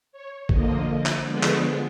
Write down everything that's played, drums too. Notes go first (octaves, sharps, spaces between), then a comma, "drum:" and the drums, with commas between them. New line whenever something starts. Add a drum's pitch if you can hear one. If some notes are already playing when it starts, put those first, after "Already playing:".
C#5
D3 F3 A#3 D#5, drum: kick A1
drum: clap
D3 F3 G#3 B3 D5
drum: clap